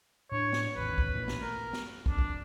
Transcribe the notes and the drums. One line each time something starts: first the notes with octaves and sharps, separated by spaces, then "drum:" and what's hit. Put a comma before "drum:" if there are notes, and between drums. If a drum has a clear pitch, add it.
A2 D4 C#5
drum: snare
G#1 E2 D#3 B4
drum: kick
A#1 A#2 E3
drum: snare
A3 A#4
drum: snare
F2 D4, drum: kick
drum: kick